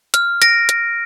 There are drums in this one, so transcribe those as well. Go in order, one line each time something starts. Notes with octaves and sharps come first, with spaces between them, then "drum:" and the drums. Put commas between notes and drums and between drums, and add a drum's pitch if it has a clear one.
F6, drum: hi-hat
A#6 D7, drum: hi-hat
drum: hi-hat